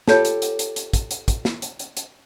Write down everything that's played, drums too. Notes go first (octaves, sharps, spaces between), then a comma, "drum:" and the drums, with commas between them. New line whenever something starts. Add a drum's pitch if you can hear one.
F4 G4 A4 C#5 A5, drum: snare
drum: hi-hat
drum: hi-hat
drum: hi-hat
drum: hi-hat
drum: kick, hi-hat
drum: hi-hat
drum: kick, hi-hat
drum: snare
drum: hi-hat
drum: hi-hat
drum: hi-hat